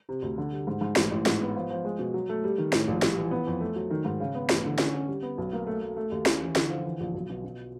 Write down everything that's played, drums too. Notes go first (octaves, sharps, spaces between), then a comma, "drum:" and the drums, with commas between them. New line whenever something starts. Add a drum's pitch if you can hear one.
C3
D2
D3
G3
G#2
G#2
A1, drum: snare
A1
G#2, drum: snare
B3
F3
F3
G#3
B2
F#3
A3
G3
D#3
A2, drum: snare
A#1
G3, drum: snare
E3
B3
F2
A3
F#3
D#3
G#2
C#3
B3
A1, drum: snare
D3
C#4, drum: snare
C#4
G3
B3
B1
A#3
A3
A3
A3
D#2
C#4, drum: snare
E3
D3, drum: snare
F3
E3
A#1
B1
B2
B2